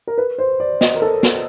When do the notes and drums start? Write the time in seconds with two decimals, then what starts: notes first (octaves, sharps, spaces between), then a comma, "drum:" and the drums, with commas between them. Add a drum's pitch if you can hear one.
0.07 A#4
0.18 B4
0.38 C5
0.60 D5
0.81 D#5, drum: snare
0.95 A#4
1.02 A4
1.23 drum: snare